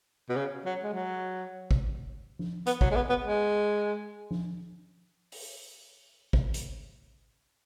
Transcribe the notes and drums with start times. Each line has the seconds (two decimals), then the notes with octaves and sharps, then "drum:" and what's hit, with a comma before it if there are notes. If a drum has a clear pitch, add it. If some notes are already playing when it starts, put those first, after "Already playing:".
0.29 B2
0.36 C#3
0.65 F#3
0.83 G#3
0.94 F#3
1.71 drum: kick
2.39 drum: tom F3
2.66 B3, drum: hi-hat
2.81 F#3, drum: kick
2.91 G#3
2.96 B3
3.09 B3
3.24 G#3
4.31 drum: tom F3
5.32 drum: open hi-hat
6.33 drum: kick
6.54 drum: hi-hat